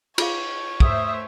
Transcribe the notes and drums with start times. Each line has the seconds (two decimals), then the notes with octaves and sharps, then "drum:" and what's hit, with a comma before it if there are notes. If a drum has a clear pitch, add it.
0.18 F4 G#4 C#5 F5, drum: cymbal
0.80 A3 C5 E5 D#6, drum: kick